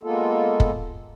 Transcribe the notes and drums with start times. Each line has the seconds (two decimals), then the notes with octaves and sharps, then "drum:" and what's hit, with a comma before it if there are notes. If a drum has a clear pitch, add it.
0.03 G#3 A#3 B3 F4 A4
0.60 drum: kick